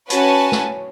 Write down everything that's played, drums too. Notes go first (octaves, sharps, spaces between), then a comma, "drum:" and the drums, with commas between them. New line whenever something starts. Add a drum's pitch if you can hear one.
C#4 F#4 B4 C#5 G#5 A5, drum: hi-hat
drum: snare